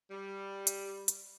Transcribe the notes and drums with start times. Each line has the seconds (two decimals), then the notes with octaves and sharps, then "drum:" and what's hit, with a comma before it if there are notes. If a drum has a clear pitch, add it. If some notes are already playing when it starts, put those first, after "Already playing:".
0.11 G3
0.67 drum: hi-hat
1.08 drum: hi-hat